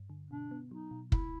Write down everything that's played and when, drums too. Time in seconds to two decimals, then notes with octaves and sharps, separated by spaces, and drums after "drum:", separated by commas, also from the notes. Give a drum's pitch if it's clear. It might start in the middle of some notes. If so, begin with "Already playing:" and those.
Already playing: G2
0.10 D3
0.30 B2 D4
0.51 B3
0.71 F#3 D#4
0.91 B2
1.12 C#2 E4, drum: kick